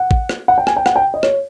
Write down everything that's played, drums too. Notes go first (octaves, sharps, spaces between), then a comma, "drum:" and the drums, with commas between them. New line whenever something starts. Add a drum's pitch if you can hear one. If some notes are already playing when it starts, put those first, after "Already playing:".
Already playing: F#5
drum: kick
drum: rim click
F#5
G5
G#5, drum: rim click
G5
F#5, drum: rim click
G5
D#5
C#5, drum: rim click